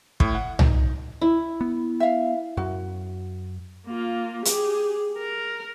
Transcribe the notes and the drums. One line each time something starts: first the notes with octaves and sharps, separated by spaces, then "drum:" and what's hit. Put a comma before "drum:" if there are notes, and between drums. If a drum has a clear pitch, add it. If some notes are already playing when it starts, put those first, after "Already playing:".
A2, drum: kick
F#5
D#4, drum: tom C2
E4
B3
E5 F5
F#2 F#4
A#3 F4
G4 G#4, drum: hi-hat
A#4